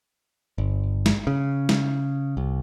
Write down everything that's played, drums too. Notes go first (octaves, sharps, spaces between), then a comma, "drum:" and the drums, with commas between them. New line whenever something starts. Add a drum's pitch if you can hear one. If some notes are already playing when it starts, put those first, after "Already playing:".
G1
drum: snare
C#3
drum: snare
C2